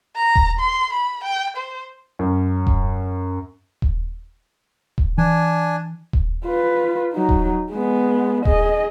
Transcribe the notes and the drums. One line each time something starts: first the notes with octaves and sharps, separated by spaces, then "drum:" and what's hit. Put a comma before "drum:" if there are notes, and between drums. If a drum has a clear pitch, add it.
A#5
drum: kick D#1
C6
B5
G5
C5
F#2
drum: kick D#1
drum: kick D#1
drum: kick D#1
E3 D4 G#5
drum: kick D#1
F4 B4
F#3 D#4
drum: kick D#1
G#3 B3
G#4 D#5, drum: kick D#1